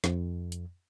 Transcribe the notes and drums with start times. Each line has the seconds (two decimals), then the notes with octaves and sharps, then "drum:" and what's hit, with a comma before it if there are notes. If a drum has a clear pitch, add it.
0.04 F2, drum: snare
0.52 drum: hi-hat